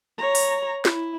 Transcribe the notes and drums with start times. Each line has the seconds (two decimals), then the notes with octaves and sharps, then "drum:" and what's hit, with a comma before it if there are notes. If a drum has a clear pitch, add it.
0.18 C#5 A#5
0.35 drum: open hi-hat
0.85 E4, drum: snare